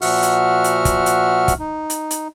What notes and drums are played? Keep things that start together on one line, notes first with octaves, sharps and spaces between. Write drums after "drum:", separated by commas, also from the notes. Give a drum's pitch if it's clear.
A#2 F3 F#4 E5 F#5 F6, drum: open hi-hat
drum: hi-hat
drum: hi-hat
drum: kick, hi-hat
drum: hi-hat
drum: kick, hi-hat
D#4
drum: hi-hat
drum: hi-hat